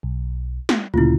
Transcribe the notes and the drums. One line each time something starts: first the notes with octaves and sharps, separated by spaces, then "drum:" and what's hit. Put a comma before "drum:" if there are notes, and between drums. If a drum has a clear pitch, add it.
B1
drum: snare
D2 A#2 C#3 E4 F4